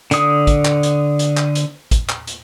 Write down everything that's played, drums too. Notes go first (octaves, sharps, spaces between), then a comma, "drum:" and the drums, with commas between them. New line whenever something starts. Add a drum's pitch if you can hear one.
D3 D#6, drum: hi-hat
drum: kick, hi-hat
drum: clap
drum: hi-hat
drum: hi-hat
drum: clap
drum: hi-hat
drum: kick, hi-hat
drum: clap
drum: hi-hat